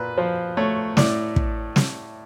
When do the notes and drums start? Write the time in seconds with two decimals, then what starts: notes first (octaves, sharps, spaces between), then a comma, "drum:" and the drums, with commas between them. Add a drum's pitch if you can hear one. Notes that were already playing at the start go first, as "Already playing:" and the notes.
Already playing: A#2 B4
0.17 F3 C5
0.57 A3 C#5
0.97 A2 D5, drum: snare
1.36 drum: kick
1.76 drum: snare